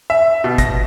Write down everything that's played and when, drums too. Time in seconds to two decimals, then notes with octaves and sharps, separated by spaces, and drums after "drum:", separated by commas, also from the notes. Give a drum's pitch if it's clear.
0.10 E5
0.44 B2
0.58 A#6, drum: kick, hi-hat